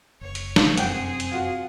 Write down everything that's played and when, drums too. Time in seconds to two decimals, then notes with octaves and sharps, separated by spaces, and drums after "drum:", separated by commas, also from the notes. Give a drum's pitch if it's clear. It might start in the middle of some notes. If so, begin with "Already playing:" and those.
0.21 F#1 C#5
0.35 drum: hi-hat
0.56 drum: snare
0.77 F1 F#2 C4 G#4 F#5 G5, drum: hi-hat
1.20 drum: hi-hat
1.31 F4 F#4